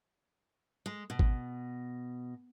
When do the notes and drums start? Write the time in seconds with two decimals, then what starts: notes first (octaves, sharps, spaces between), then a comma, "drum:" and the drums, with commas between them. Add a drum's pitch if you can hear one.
0.86 G#3
1.10 B2
1.19 drum: kick G#1